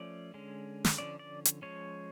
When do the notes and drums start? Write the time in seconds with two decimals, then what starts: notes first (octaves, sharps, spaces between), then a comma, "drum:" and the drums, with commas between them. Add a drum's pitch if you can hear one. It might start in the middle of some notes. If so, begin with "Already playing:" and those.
Already playing: F3 A3 C#4 D5
0.34 D3 G#3 C#4
0.85 drum: snare
0.98 D3 F3 A3 C#4 D5
1.19 D5
1.45 drum: hi-hat
1.62 F3 G#3 C#4 C#5